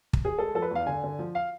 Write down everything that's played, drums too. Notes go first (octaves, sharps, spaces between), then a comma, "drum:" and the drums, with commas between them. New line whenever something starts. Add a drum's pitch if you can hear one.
drum: kick
G#4
G#3 A4
F3 A4
B4
E2 F5
D3 G#5
D3
F3
F5